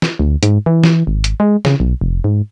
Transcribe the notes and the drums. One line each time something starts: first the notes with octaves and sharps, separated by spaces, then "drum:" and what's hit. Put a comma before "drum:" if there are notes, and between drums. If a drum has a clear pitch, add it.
drum: snare
D2
G#2, drum: hi-hat
E3
drum: snare
G#1
drum: hi-hat
G#3
C#3, drum: snare
B1
F1
G#2